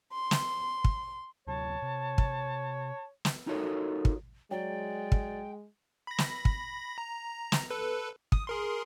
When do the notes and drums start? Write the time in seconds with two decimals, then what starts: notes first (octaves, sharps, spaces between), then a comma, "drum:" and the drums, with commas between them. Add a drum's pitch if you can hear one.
0.13 C6
0.31 drum: snare
0.84 drum: kick
1.47 D2 C3 F#3 C#5 A5
1.82 C3
2.18 drum: kick
3.25 drum: snare
3.47 D#4 F4 F#4 A4 A#4 C#5
4.05 drum: kick
4.51 F#3 G#3 D5 G5
5.12 drum: kick
6.07 B5 A#6
6.18 drum: snare
6.45 drum: kick
6.98 A#5
7.52 drum: snare
7.71 A4 B4
8.32 D#6, drum: kick
8.47 G#4 A#4 C6